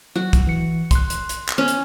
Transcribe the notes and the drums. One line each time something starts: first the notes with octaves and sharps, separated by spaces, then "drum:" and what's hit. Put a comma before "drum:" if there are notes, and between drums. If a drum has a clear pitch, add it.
F#3 F#4
drum: kick, hi-hat
E3 C#7
C6 F#6, drum: kick, hi-hat
drum: hi-hat
drum: hi-hat
drum: clap
B3 C#4
drum: hi-hat